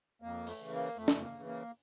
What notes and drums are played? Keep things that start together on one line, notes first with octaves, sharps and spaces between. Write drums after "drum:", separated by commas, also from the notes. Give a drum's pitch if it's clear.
F2 A#3
A3, drum: open hi-hat
C#3 E3
A#3
F2 A3
drum: snare
A#3
C#3 E3
A#3